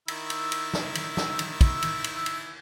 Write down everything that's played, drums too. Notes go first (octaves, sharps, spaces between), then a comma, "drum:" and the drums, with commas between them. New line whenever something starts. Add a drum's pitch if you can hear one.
D#3 E4 E6, drum: cymbal
drum: cymbal
drum: cymbal
drum: snare
drum: cymbal
drum: snare
drum: cymbal
drum: kick, cymbal
drum: cymbal
drum: cymbal
drum: cymbal